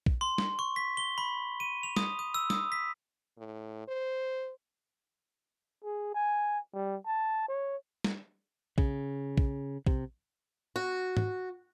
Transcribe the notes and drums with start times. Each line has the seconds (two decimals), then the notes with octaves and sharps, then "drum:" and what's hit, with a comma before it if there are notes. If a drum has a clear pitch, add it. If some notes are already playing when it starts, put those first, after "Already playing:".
0.06 drum: kick
0.21 C6
0.38 drum: snare
0.59 C#6
0.76 B6
0.97 G7
1.18 B5
1.60 D#7
1.83 F7
1.97 D#6, drum: snare
2.19 D#6
2.34 E6
2.50 D#6, drum: snare
2.72 B6
3.38 A2
3.88 C5
5.84 G#4
6.14 G#5
6.74 G3
7.06 A5
7.48 C#5
8.04 drum: snare
8.78 C#3, drum: kick
9.37 drum: kick
9.87 C3, drum: kick
10.76 F#4
11.17 drum: tom G#2